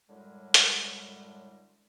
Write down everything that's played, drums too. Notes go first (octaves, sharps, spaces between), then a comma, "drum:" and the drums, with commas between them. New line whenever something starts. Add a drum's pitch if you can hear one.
F#2 A2 D3 G3 G#3
drum: hi-hat